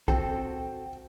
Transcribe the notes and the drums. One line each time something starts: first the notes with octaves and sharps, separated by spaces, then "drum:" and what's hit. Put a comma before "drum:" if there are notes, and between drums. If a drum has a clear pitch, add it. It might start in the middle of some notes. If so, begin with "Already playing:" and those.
C4 F#4 A4 G5, drum: kick